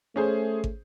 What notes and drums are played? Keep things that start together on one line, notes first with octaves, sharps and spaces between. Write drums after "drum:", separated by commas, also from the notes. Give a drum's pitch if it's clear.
A3 C#4 G#4 C5
drum: kick